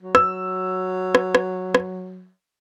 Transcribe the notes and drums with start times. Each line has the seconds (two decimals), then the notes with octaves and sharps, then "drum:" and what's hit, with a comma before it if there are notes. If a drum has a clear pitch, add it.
0.03 F#3
0.15 E6, drum: rim click
1.15 drum: rim click
1.35 drum: rim click
1.75 drum: rim click